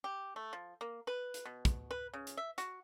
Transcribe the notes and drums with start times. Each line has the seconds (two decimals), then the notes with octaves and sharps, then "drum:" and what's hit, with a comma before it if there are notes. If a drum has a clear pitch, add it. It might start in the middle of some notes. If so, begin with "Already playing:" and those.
0.04 G4
0.36 A3
0.53 F3
0.81 A#3
1.07 B4
1.34 drum: hi-hat
1.45 B2
1.65 drum: kick, hi-hat
1.91 B4
2.14 C#3
2.27 drum: hi-hat
2.37 E5
2.58 F#4, drum: hi-hat